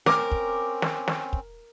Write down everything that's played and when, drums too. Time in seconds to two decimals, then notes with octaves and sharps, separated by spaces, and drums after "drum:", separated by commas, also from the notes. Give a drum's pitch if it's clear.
0.06 C4 C#4 A#4 D6, drum: snare
0.32 drum: kick
0.82 drum: snare
1.08 drum: snare
1.33 drum: kick